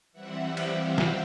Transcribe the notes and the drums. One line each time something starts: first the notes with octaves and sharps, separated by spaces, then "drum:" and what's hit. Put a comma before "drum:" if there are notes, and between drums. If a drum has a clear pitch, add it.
E3 G3 C4 E5 F#5
F5 G5, drum: cymbal
drum: snare